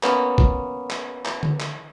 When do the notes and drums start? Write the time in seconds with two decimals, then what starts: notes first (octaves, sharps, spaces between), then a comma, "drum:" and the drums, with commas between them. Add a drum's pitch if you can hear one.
0.03 A#3 B3 C#4, drum: clap
0.38 drum: kick A#1
0.90 drum: clap
1.25 drum: clap
1.43 drum: tom D3
1.60 drum: clap